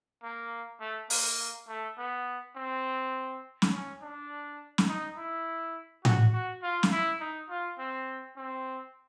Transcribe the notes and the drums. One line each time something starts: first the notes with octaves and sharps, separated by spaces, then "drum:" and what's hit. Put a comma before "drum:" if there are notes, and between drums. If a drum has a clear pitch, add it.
A#3
A3
A#3, drum: open hi-hat
A3
B3
C4
drum: snare
C#4
D4
drum: snare
D#4
E4
F#4, drum: tom A2
F#4
F4
drum: snare
E4
D#4
F4
C4
C4